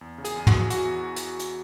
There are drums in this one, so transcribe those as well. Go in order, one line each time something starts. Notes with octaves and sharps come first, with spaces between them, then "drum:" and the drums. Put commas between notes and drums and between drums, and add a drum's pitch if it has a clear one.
E2
C#3
G#4, drum: hi-hat
E2
F#4, drum: tom
E3
E2 F#4, drum: hi-hat
E2
drum: hi-hat
drum: hi-hat